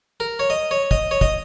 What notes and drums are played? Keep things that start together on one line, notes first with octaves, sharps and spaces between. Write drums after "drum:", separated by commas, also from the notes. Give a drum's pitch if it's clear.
A#4
C#5
D#5
C#5
D#5, drum: kick
C#5
D#5, drum: kick